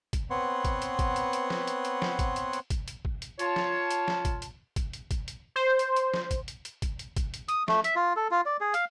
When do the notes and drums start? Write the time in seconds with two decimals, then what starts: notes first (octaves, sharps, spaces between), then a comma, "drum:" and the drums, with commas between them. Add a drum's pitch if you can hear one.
0.13 drum: kick, hi-hat
0.30 B3 C4 B4 C#5 F#5 C6
0.65 drum: kick, hi-hat
0.82 drum: hi-hat
0.99 drum: kick, hi-hat
1.16 drum: hi-hat
1.33 drum: hi-hat
1.50 drum: snare
1.67 drum: hi-hat
1.85 drum: hi-hat
2.02 drum: snare
2.19 drum: kick, hi-hat
2.36 drum: hi-hat
2.53 drum: hi-hat
2.70 drum: kick, hi-hat
2.88 drum: hi-hat
3.05 drum: kick
3.22 drum: hi-hat
3.39 F4 C#5 A5, drum: hi-hat
3.56 drum: snare
3.91 drum: hi-hat
4.08 drum: snare
4.25 drum: kick, hi-hat
4.42 drum: hi-hat
4.76 drum: kick, hi-hat
4.93 drum: hi-hat
5.11 drum: kick, hi-hat
5.28 drum: hi-hat
5.56 C5
5.79 drum: hi-hat
5.96 drum: hi-hat
6.14 drum: snare
6.31 drum: kick, hi-hat
6.48 drum: hi-hat
6.65 drum: hi-hat
6.82 drum: kick, hi-hat
6.99 drum: hi-hat
7.17 drum: kick, hi-hat
7.34 drum: hi-hat
7.48 D#6, drum: hi-hat
7.68 A3, drum: snare
7.84 E5, drum: hi-hat
7.96 F4
8.16 A4
8.31 F4
8.46 D5
8.61 G#4
8.74 F5, drum: hi-hat